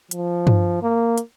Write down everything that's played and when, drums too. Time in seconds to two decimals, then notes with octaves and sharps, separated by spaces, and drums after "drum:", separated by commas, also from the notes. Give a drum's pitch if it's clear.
0.11 F3, drum: hi-hat
0.47 drum: tom G2
0.83 A#3
1.18 drum: hi-hat